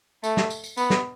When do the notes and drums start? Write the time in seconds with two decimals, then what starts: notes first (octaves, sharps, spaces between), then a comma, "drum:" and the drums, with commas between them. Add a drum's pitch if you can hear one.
0.24 A3, drum: tambourine
0.37 drum: snare
0.50 drum: tambourine
0.64 drum: tambourine
0.77 B3, drum: tambourine
0.90 drum: snare